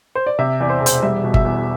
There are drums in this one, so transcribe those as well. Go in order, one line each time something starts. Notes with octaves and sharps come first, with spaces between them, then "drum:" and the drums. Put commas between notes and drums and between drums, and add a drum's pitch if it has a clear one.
C5
D5
C3 E5
E2 D5
C5
E1
C5, drum: hi-hat
G3 E5
B2
E5, drum: kick G1
E2